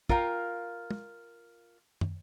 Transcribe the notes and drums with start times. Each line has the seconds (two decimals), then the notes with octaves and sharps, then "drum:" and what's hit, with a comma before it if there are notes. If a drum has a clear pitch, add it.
0.09 F4 A#4 F5 G5, drum: kick
0.91 drum: tom
2.01 drum: tom